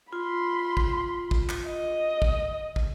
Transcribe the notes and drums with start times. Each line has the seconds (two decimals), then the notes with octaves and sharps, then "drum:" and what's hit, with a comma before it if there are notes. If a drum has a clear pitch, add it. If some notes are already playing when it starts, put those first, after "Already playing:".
0.13 F4 B5 C6
0.77 drum: kick
1.31 drum: kick
1.49 drum: clap
1.67 D#5
2.22 drum: kick
2.76 drum: kick